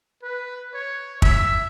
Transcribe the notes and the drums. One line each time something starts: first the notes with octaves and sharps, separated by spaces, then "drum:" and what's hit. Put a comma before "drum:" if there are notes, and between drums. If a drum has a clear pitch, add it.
B4
C#5
E5, drum: kick